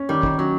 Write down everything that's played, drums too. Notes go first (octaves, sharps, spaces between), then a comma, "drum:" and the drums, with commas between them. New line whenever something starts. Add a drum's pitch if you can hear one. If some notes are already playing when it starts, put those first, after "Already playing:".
Already playing: C#4
D#3 G3
D#3, drum: kick
F#3 C#4